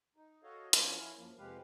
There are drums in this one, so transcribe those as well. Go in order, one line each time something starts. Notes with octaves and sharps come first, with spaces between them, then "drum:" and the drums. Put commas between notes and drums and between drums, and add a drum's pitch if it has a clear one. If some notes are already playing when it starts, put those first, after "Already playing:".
D#4
F#4 A4 C#5 D#5 F5
F3 B3 C#4 F4 A#4 C#5, drum: hi-hat
C#4 E4 F5
F#2 F3 A#3
F2 C3 G#3 G4 B4 F5